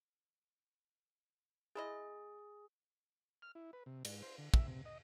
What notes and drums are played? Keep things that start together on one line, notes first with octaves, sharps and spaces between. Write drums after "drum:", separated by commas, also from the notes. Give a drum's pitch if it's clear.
G#3 E4 G#4 D#5
F6
E4
B4
C3
G#2, drum: cymbal
C5
D3
E5, drum: kick
C3
D#5